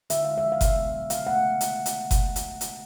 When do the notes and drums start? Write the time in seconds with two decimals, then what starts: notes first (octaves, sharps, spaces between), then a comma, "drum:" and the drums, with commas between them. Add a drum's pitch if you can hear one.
0.10 D3 E5, drum: hi-hat
0.24 G#3 F5
0.38 E5
0.44 F3
0.52 F5
0.61 B2 E5, drum: kick F#1, hi-hat
0.77 B3
0.94 F#3
1.10 C#3 F5, drum: hi-hat
1.27 A3 F#5
1.61 drum: hi-hat
1.86 drum: hi-hat
2.11 drum: kick F#1, hi-hat
2.36 drum: hi-hat
2.61 drum: hi-hat